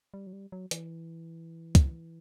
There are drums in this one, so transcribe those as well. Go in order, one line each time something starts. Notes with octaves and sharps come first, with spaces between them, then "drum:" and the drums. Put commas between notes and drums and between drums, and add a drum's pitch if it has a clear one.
G3
F#3
G3
F#3
E3, drum: hi-hat
drum: kick, hi-hat